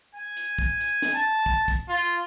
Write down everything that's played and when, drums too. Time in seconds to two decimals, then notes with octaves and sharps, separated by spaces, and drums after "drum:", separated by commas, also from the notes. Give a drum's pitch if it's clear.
0.15 G#5
0.37 drum: hi-hat
0.59 drum: kick
0.80 drum: hi-hat
1.02 drum: snare
1.14 A5
1.46 drum: kick
1.68 drum: kick, hi-hat
1.89 F4